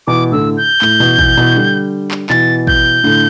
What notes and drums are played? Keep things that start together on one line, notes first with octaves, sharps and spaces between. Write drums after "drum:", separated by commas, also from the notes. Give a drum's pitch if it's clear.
B2 E3 D6
A2 D3 E6
G6
A2, drum: clap
B2 E3
B2 E3, drum: kick
B2 E3
D3 G3
drum: clap
B2 E3 A6, drum: clap
G6, drum: kick
A2 D3